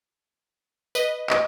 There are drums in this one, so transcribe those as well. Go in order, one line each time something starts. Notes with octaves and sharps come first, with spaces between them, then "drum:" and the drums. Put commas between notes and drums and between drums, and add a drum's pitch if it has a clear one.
B4 D#5, drum: tambourine
D#5, drum: clap